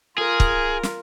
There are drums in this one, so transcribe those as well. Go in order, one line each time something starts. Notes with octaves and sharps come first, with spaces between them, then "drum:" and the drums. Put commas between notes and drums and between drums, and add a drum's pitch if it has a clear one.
F4 G#4 A#4
drum: kick
drum: snare